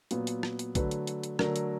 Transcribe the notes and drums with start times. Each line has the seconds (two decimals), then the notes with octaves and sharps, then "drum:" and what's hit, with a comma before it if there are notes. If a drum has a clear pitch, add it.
0.11 A#2 F#3 B3, drum: hi-hat
0.27 drum: hi-hat
0.43 drum: rim click
0.59 drum: hi-hat
0.75 D3 F#3 A3 B4, drum: kick B1, hi-hat
0.91 drum: hi-hat
1.07 drum: hi-hat
1.24 drum: hi-hat
1.39 D3 F#3 A3 A#4, drum: rim click
1.56 drum: hi-hat